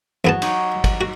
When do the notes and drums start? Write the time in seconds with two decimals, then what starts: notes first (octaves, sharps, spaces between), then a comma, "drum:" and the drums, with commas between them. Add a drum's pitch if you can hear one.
0.25 E2 F#3 B3 A5
0.42 D#4 C#5, drum: cymbal
0.84 drum: kick, cymbal
1.01 F#4